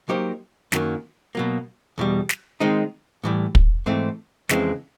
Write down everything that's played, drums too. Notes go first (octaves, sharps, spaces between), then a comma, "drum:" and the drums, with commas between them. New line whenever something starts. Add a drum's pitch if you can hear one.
F#3 A#3 D#4 G4 C5
F#2 D#3 F#3 A#3, drum: snare
B2 F#3 A#3
E2 B2 G3
drum: snare
D#3 G#3 C4 D#4
A2 E3 G3
drum: kick
G#2 E3 A3 C4
F2 C#3 E3 G#3 C4, drum: snare